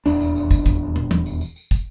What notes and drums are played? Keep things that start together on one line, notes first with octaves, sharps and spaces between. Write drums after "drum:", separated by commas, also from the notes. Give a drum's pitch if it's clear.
D#1 E2 D4, drum: tambourine
drum: tambourine
drum: tambourine
drum: kick, tambourine
drum: kick, tambourine
drum: tom
drum: tom
drum: tambourine
drum: tambourine
drum: tambourine
drum: kick, tambourine